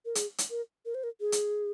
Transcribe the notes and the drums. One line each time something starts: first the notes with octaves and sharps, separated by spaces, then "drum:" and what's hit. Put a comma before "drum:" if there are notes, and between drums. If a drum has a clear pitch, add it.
A#4
G#4, drum: hi-hat
drum: hi-hat
A#4
A#4
C5
A#4
G#4
drum: hi-hat